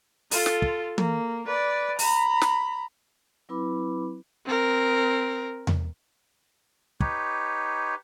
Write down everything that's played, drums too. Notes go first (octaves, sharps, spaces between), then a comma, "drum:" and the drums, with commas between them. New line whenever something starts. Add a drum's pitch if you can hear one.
F4 A4, drum: open hi-hat
drum: snare
drum: kick
A#3, drum: tom E3
B4 D5
A#5 B5, drum: open hi-hat
drum: snare
F#3 C4 E4 B4 B5 D6
C4 A#4
drum: tom E2
D#4 G4 B4 C#5, drum: kick